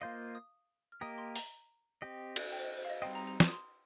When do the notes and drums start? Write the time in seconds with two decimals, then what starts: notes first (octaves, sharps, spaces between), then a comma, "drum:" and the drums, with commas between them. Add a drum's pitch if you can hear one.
0.01 A#3 F4 C5 D#5 F5
0.35 D#6
0.92 F6
1.01 A#3 G4 A#4 D#5 D#6
1.18 C6
1.36 A#5, drum: open hi-hat
2.02 C4 G4 D#5
2.36 drum: cymbal
2.52 G5
2.59 C5
2.64 D#5
2.77 C5
2.85 F5
2.90 D#5
3.02 G3 C4 D#4 C5 D#5 G5
3.15 A#5
3.27 A#5
3.40 C6, drum: snare
3.48 D#6
3.53 C6